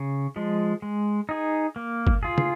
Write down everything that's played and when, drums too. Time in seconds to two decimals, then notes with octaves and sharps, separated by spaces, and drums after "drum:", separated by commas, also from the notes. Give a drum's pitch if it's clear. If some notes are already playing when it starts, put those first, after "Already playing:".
Already playing: C#3
0.36 F3 G#3
0.82 G#3
1.29 D#4 G#4
1.76 A#3
2.07 drum: kick G1
2.23 F4 G#4
2.38 drum: tom